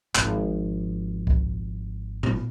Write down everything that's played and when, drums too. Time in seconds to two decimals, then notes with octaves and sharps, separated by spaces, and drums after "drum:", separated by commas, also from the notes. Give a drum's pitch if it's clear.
0.15 G#1 F3, drum: clap
1.27 drum: kick C2
2.23 drum: tom A2